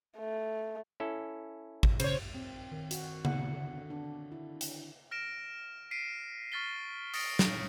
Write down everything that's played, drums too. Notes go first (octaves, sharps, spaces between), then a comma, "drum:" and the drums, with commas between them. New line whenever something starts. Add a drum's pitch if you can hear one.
A3
C#4 E4 A4
drum: kick G#1
C#3 C5 C#5, drum: cymbal
C4
D#3
F#4, drum: hi-hat
F#5, drum: tom C#3
D3
D4
E4
drum: hi-hat
F6 A#6 D7 E7
B6 C7 D7 D#7
C#6 F6 A6 B6 G7
D#6 A6 A#6 C#7 D7, drum: open hi-hat
drum: snare